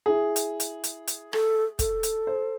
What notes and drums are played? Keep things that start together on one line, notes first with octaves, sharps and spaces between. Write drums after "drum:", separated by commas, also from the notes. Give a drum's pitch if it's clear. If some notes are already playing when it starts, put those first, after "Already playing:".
E4 G#4
drum: hi-hat
drum: hi-hat
drum: hi-hat
drum: hi-hat
A4, drum: rim click
A4, drum: kick, hi-hat
drum: hi-hat
C5